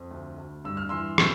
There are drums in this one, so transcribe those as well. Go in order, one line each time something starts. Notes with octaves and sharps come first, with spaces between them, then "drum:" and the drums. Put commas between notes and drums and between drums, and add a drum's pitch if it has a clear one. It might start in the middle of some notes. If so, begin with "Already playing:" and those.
Already playing: F2
D2
D2
G2 E6
F6
E3 C6 E6
D3 C6 E6, drum: rim click